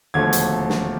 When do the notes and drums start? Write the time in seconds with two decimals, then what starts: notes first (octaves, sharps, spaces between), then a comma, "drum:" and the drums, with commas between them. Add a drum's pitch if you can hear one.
0.14 E1 D#2 D3 F3 A3 G#6
0.33 drum: hi-hat
0.69 drum: snare